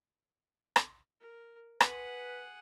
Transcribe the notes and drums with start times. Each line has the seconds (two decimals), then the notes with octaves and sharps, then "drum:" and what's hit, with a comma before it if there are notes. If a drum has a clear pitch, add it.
0.76 drum: rim click
1.21 A#4
1.80 G#4 B4 F#5, drum: rim click